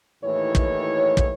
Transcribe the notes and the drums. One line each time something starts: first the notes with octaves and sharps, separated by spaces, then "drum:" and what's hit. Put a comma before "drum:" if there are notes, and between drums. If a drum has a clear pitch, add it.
D#2 A2 E3 C#5
drum: kick
drum: kick